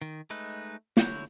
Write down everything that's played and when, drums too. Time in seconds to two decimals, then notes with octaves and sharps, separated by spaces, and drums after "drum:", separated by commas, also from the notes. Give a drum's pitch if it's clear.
0.02 D#3
0.30 G#3 A3 D#4 B4
0.97 D3 E4 F#4 C#5 G6, drum: snare